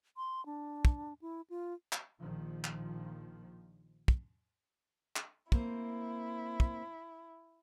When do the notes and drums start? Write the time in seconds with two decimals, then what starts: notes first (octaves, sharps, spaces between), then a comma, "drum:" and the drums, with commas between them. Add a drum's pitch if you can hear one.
0.17 C6
0.46 D4
0.85 drum: kick
1.22 E4
1.50 F4
1.92 drum: clap
2.22 A#1 A#2 D#3 F3
2.64 drum: clap
4.08 drum: kick
5.16 drum: clap
5.52 A#3 C4 E4 C5, drum: kick
6.60 drum: kick